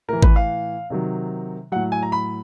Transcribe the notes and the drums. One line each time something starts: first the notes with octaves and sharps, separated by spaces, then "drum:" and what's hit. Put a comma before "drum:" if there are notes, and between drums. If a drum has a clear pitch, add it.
A2 E3 A#4
B4, drum: kick G#1
F5
C3 D#3 F#3
A2 F#3 F#5
G#5
A#5
B5